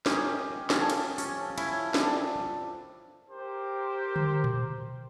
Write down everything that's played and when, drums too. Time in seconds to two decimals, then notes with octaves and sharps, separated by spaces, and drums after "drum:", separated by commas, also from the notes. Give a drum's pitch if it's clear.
0.06 C#4 G4 A#4 D#5, drum: snare
0.70 F3 C#4 A4, drum: snare
0.90 drum: cymbal
1.18 C#4, drum: open hi-hat
1.58 C#4 E4, drum: cymbal
1.94 C4 D4, drum: snare
3.31 G4 A#4 C5
4.16 drum: tom D3
4.44 drum: tom A#2